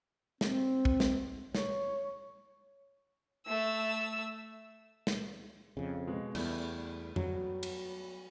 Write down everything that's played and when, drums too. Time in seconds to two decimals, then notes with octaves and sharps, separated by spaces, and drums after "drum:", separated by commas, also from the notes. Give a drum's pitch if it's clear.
0.41 C4, drum: snare
0.85 drum: kick
1.00 drum: snare
1.55 C#5, drum: snare
3.46 A3 E6
5.07 drum: snare
5.77 F2 C#3
6.07 B2 G#3
6.35 E2 G3 A3 B3, drum: cymbal
7.16 F#3, drum: tom F2
7.63 drum: cymbal